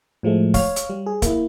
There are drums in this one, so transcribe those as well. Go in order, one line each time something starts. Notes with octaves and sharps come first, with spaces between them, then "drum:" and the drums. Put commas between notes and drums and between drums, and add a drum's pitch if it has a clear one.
A2 F3 G#3 A3
C#5 F5, drum: kick, open hi-hat
drum: hi-hat
G3
G#4
A#3 E4, drum: kick, hi-hat